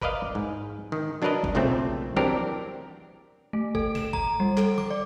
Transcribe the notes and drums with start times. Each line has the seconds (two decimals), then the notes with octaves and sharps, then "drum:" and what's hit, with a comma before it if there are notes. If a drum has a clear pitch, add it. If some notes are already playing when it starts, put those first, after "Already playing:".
0.02 A#4 B4 D5 D#5 F5, drum: kick
0.35 G#2
0.92 D#3
1.22 F#3 D4 F#4 A#4 B4 D#5
1.44 drum: kick
1.55 B1 A#2 C#3 A3 C4
2.16 E3 F#3 C4 D4 G4 A#4
3.53 A3
3.75 A4, drum: kick
3.95 E7, drum: snare
4.13 A#5, drum: kick
4.40 G3
4.57 A4, drum: clap
4.78 D6, drum: tom D3
4.90 D5